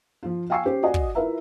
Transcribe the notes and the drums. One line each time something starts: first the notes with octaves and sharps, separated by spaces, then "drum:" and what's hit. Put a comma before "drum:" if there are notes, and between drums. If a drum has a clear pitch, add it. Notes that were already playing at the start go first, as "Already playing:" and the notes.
F3 F4
F5 G5 G#5 C#6 E6 C7
C#4 G4 C5
F#4 D5 D#5 G#5
drum: kick
E4 F4 A#4 B4 E5 A#5